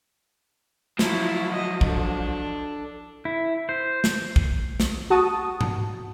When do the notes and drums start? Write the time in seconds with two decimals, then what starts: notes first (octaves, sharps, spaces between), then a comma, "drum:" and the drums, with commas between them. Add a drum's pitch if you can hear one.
0.99 F3 F#3 E4 F4, drum: snare
1.51 D#5
1.81 D4 A4, drum: kick A#1
3.25 E4
3.69 C5
4.04 drum: snare
4.36 drum: kick A#1
4.80 drum: snare
5.10 F#4 A5 D#6
5.61 drum: tom G#2